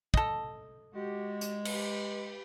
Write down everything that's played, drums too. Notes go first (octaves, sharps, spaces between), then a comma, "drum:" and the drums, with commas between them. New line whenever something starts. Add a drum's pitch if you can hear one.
A4 D#5, drum: kick
G#3 F#4 G4
drum: hi-hat
G4 B4, drum: cymbal